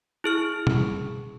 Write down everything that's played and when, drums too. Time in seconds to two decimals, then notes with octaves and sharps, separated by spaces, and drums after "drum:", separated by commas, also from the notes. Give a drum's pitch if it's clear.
0.24 E4 G#4 F6
0.67 drum: tom B2